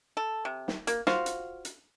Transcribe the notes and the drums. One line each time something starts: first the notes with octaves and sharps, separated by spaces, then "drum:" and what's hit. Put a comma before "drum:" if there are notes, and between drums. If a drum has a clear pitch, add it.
A4
C3
drum: snare
A#3, drum: hi-hat
F4 F#4 C5 F5, drum: snare
drum: hi-hat
drum: hi-hat